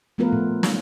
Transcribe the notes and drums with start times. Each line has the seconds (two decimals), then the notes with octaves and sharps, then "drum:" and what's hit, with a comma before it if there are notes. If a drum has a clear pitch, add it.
0.18 F3 A3 B3 F4 A#4 B4
0.32 A#2
0.63 D#4, drum: snare